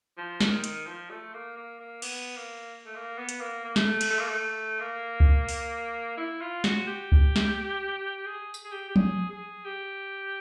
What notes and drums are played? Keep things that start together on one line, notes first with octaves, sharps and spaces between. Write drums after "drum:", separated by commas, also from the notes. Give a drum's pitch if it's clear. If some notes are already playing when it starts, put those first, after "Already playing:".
F3
D#3, drum: snare
D#3, drum: hi-hat
F3
A3
A#3
A#3
A#3
B3, drum: cymbal
A#3
A3
A#3
B3
drum: hi-hat
A#3
A#3
A3, drum: snare
drum: cymbal
A3
A#3
A3
A#3
drum: kick C#2
drum: open hi-hat
E4
F4
F#4, drum: snare
G4
drum: kick C#2
drum: snare
G#4
drum: tambourine
G#4
G4
G4
G#4, drum: tom F3
G#4
G4